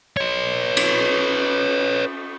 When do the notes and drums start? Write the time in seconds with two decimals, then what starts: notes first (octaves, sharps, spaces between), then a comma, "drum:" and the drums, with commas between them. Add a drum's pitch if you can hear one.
0.17 B4 C#5
0.77 drum: cymbal